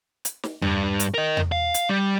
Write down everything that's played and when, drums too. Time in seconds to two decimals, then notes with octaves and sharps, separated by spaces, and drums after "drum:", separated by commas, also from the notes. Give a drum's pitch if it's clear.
0.25 drum: hi-hat
0.43 drum: snare
0.62 G2, drum: tom E2
1.00 drum: hi-hat
1.14 A#4 D#5
1.37 drum: tom E2
1.52 F5
1.74 drum: hi-hat
1.89 G3